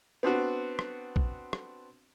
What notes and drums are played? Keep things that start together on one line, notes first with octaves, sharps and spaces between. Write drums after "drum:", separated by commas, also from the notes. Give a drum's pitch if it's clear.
B3 C4 D4 F#4
drum: rim click
drum: kick
drum: rim click